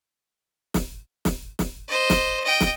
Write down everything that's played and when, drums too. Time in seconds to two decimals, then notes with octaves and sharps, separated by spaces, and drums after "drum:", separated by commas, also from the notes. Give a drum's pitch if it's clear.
0.74 drum: snare
1.25 drum: snare
1.59 drum: snare
1.88 C5 D#5
2.10 drum: snare
2.44 D#5 G5
2.60 drum: snare